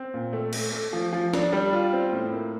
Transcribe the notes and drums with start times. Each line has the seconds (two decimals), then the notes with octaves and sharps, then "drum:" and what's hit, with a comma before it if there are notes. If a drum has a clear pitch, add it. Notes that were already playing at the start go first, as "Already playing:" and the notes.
Already playing: C4
0.14 A#2
0.33 A3
0.53 A3, drum: cymbal
0.72 A3
0.93 F3
1.13 F3
1.34 D4, drum: snare
1.53 G3
1.73 F4
1.93 C4
2.13 A2
2.33 A#3